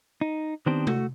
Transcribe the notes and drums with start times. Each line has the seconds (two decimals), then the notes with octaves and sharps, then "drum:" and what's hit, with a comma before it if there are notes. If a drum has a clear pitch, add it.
0.21 D#4
0.66 D#3 B3 C4 D4 G4 C5
0.87 A3 F#4, drum: tom C3